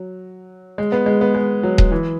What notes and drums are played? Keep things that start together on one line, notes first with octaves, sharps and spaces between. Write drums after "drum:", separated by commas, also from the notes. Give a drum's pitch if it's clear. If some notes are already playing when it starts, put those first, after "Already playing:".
Already playing: F#3
G#3
B3
G#3
B3
G#3
F#3
drum: kick D#1
E3